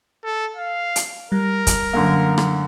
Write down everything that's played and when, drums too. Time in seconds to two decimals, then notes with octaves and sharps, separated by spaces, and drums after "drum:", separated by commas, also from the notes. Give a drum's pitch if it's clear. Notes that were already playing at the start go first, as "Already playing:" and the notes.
0.25 A4
0.57 F5
0.96 drum: hi-hat
1.32 G3 A#4
1.67 drum: kick, hi-hat
1.93 F#2 D3 A#3
2.38 drum: rim click